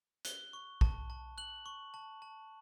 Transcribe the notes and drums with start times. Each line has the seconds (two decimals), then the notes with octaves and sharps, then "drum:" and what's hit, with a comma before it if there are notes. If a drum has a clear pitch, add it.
0.25 F#6 G7, drum: hi-hat
0.53 C#6
0.81 A5, drum: kick
1.10 A5
1.38 F#6 F#7
1.66 C#6
1.94 A5
2.22 A5